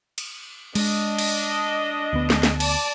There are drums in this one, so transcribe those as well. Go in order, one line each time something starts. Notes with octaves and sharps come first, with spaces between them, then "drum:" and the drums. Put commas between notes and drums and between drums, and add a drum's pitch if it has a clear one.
drum: cymbal
G#3 D4 D#5, drum: cymbal
drum: cymbal
D2 B3
drum: snare
drum: snare
D5 A5, drum: cymbal